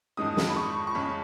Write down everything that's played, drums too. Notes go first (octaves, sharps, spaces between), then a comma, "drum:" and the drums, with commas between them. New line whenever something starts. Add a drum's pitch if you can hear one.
F2 D#3 G#3 C#4 D#6
drum: snare
B5
C#6
C#6
F2 C#3 G#3 C#4 B5